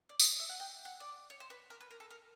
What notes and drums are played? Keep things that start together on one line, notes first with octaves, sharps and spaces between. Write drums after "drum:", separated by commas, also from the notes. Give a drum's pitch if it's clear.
D5
D#5, drum: tambourine
E5
F#5
G5
F#5
D5
C#5
C5
B4
A#4
B4
A#4
A4
A#4